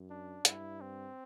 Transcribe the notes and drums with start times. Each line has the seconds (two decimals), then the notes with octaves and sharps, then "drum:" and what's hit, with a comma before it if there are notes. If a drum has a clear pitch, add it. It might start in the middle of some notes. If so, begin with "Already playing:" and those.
Already playing: F#2
0.10 D4
0.45 G2 E4, drum: hi-hat
0.81 C4